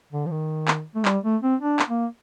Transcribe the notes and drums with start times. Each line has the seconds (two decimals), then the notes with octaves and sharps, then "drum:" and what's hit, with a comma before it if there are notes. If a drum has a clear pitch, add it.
0.12 D3
0.26 F3
0.31 D#3
0.68 drum: clap
0.95 A3
1.05 G3, drum: clap
1.24 A3
1.42 C4
1.60 D4
1.79 drum: clap
1.88 A#3